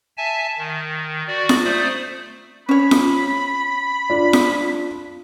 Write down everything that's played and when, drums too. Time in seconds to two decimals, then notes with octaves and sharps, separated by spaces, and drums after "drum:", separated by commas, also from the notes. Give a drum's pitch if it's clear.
0.17 E5 G#5 A5
0.58 D#3
1.27 F#4 D5
1.49 drum: snare F4
1.64 A3 C5 D5 D#6
2.69 C#4 C#5 B5
2.91 drum: snare F4
4.10 D4 F4
4.33 drum: snare F4